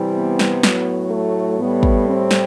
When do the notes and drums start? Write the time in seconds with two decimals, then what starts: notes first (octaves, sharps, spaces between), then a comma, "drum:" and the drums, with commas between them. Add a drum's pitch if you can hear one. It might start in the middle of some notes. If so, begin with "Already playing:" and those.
Already playing: C3 E3 G3
0.16 B3
0.39 drum: snare
0.63 A2 F#3, drum: snare
1.11 A3
1.58 A2 G3 B3
1.83 drum: kick
2.07 C4
2.31 drum: snare